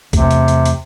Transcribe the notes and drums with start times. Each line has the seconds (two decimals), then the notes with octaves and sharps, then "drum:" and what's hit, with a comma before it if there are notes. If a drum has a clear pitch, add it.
0.13 E2 C3 A3, drum: kick, hi-hat
0.31 drum: hi-hat
0.48 drum: hi-hat
0.65 drum: hi-hat